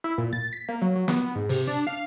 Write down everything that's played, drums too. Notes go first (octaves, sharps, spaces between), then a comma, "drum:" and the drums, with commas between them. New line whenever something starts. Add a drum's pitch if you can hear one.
E4
A#2
A6
B6
A#3
F#3
F#3
B3, drum: snare
G#2
C3, drum: open hi-hat
D4
F5